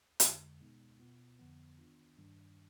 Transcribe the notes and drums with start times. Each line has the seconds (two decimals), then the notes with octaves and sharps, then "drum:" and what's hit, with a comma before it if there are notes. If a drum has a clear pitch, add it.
0.20 F2 D3 G#3, drum: hi-hat
0.60 B2 G#3 B3 D#4
0.99 B2 B3 F4
1.39 F2 D3 F3 B3
1.78 D#3 B3 D4 F4
2.18 G2 D#3 G3 D4